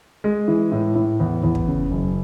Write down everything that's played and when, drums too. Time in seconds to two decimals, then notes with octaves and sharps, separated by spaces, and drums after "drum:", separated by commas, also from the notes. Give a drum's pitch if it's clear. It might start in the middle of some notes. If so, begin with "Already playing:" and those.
0.24 G#3
0.48 E3
0.72 A2
0.95 A2
1.20 E2
1.43 E2
1.55 drum: kick
1.67 C#3
1.91 F#1